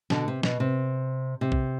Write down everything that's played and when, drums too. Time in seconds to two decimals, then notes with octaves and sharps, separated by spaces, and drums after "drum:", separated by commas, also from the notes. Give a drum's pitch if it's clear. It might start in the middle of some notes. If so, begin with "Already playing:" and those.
0.10 B2 D3, drum: snare
0.28 C3
0.43 B2, drum: snare
0.60 C3
1.41 C3
1.52 drum: kick